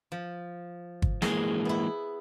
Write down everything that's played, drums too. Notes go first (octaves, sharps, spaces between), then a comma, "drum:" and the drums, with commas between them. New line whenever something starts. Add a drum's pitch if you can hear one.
F3
drum: kick
E3 G#3 A#3 G#4, drum: snare
B3 E4